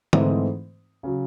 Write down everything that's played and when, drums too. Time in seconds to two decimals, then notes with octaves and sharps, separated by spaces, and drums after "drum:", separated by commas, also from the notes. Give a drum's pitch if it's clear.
0.13 G#2 E3 A3 C4 D#4, drum: tom D3
1.03 C#3 F#3